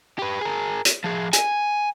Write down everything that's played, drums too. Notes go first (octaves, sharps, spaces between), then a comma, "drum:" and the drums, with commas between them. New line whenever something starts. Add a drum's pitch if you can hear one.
G4 B4
G#4 A#4
drum: hi-hat
F3 G#4
G#5, drum: hi-hat